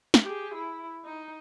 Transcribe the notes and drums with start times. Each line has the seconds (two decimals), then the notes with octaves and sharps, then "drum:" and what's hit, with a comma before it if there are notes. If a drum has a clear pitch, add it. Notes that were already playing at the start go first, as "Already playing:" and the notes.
0.14 drum: snare
0.25 G4 G#4
0.55 E4
1.05 D#4